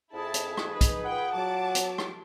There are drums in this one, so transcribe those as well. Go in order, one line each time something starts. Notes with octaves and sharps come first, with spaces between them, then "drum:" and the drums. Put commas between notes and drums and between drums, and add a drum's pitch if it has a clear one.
F2 E4 G#4 A5
drum: hi-hat
drum: rim click
D#4 B4
drum: kick, hi-hat
A#2 B4 F#5 G5
F#3 A5 D6
drum: hi-hat
drum: rim click